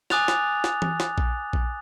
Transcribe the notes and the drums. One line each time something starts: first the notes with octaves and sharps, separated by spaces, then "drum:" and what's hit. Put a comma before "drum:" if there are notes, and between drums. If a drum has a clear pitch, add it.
G#5 D6 D#6 F#6 A6 F7, drum: snare
drum: snare
drum: snare
drum: tom E3
drum: snare
drum: kick A#1
drum: kick A#1